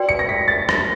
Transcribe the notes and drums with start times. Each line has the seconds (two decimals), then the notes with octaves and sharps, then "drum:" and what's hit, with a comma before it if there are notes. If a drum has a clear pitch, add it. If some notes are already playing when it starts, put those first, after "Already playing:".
Already playing: F#4 B4 D5 G5
0.09 C#7
0.19 A#6
0.29 B6
0.48 A6
0.69 A#6, drum: rim click